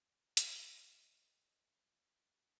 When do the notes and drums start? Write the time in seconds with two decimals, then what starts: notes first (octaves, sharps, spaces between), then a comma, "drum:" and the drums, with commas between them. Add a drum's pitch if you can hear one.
0.37 C4 C5 D#5, drum: hi-hat